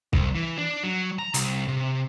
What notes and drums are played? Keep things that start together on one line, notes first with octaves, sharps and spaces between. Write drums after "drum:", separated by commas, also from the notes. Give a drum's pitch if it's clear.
C2, drum: kick
E3
D4
F#3
A#5
C2, drum: hi-hat
C3